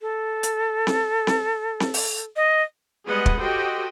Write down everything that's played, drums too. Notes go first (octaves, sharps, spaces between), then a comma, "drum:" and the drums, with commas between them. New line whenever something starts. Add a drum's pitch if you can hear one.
A4
drum: hi-hat
drum: snare C4
drum: snare C4
drum: snare C4
drum: open hi-hat
D#5
G3 G#3 B3 G#4 D#5 F#5
drum: kick
F#4 G4 A4 C5 D#5 G5